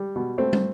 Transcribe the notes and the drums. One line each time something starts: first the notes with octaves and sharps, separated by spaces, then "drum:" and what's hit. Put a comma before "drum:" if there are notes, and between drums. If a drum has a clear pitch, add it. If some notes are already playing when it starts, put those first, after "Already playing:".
Already playing: G3
B2
A3 C4
drum: tom